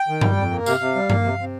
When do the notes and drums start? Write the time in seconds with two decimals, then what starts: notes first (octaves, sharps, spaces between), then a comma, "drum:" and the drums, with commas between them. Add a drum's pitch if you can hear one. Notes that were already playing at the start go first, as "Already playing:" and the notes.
Already playing: G5
0.08 D#3
0.21 G3, drum: tom G2
0.37 F2
0.51 A#3
0.66 C3 F5, drum: tambourine
0.80 C3
0.95 G3
1.10 A#3, drum: tom G2
1.24 C3
1.39 C3